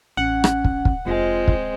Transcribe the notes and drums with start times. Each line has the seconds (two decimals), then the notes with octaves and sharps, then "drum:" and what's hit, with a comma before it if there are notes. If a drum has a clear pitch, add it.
0.17 A1 C#4 F#5
0.44 drum: rim click
0.64 drum: kick
0.85 drum: kick
1.06 F1 G#3 C4 F4
1.48 drum: kick